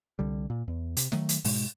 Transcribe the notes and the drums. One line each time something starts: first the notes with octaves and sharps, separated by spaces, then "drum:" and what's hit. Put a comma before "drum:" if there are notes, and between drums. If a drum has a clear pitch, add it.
C2 D3 G3
A#2
E2
C3, drum: hi-hat
D#3 F#3 A3, drum: snare
drum: hi-hat
G#2 B2 G#3, drum: open hi-hat